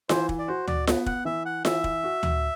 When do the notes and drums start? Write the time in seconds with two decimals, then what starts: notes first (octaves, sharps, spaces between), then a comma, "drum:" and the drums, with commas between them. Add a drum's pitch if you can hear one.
0.09 E3 C5, drum: snare F4
0.29 drum: kick
0.39 D5
0.48 F#4 C5
0.67 D5, drum: tom D2
0.87 B3, drum: snare F4
1.06 F#5, drum: kick
1.25 E3 E5
1.45 F#5
1.65 E3 E5, drum: snare F4
1.84 drum: kick
2.03 F#4
2.23 drum: tom D2